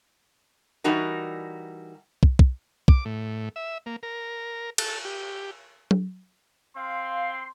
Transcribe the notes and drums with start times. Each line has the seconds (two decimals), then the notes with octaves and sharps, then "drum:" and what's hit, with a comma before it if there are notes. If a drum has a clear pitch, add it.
0.84 E3 G3 D#4 F#4 A#4
2.23 drum: kick
2.39 drum: kick
2.88 D6, drum: kick
3.05 A2
3.56 E5
3.86 A#3
4.03 A#4
4.78 A4, drum: cymbal
5.05 G4
5.91 drum: tom F#3
6.76 C4 F5 C6